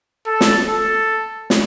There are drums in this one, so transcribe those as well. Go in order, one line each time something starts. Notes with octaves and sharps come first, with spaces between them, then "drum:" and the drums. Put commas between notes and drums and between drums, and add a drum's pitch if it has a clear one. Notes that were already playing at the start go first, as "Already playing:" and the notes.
A4
drum: snare
A4
drum: snare